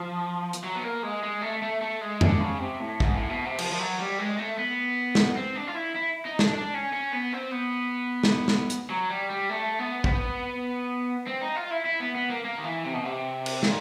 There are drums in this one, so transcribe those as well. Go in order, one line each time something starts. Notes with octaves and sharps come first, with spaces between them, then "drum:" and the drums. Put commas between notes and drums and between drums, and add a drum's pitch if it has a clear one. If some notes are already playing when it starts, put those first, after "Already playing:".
Already playing: F3
drum: hi-hat
F#3
B3
A#3
G#3
G#3
A3
A3
A3
G#3
D3, drum: tom F2
C#3
C3
A2
G#2, drum: kick
A2
B2
C3
F3, drum: cymbal
F3
F#3
G3
G#3
A3
B3
drum: snare
C4
D4
F4
E4
E4
D#4
D4, drum: snare
D4
C#4
C#4
B3
C4
B3
drum: snare
drum: snare
drum: hi-hat
F#3
G3
G3
A3
B3
C4, drum: kick
B3
C4
D#4
F4
E4
E4
B3
B3
A#3
A#3
D#3
E3
C3
B2
C3
drum: cymbal
A#2, drum: snare